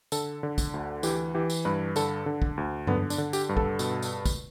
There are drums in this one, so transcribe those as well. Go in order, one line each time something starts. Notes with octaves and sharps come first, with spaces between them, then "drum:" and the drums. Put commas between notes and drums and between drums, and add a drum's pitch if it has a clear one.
D3 A4, drum: tambourine
D3
drum: kick, tambourine
D2
E3 G4, drum: tambourine
E3 G4
drum: tambourine
G2 B4
D3 A4, drum: tambourine
D3
drum: kick
D2
D3 B3, drum: tom G2
D4, drum: tambourine
D3
G4, drum: tambourine
G2
A4, drum: kick
B2, drum: tambourine
drum: tambourine
drum: kick, tambourine